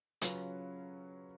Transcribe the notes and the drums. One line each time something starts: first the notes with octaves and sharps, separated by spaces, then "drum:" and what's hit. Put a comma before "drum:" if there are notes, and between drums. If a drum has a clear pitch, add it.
C#3 F#3 C#4 F4 B4, drum: hi-hat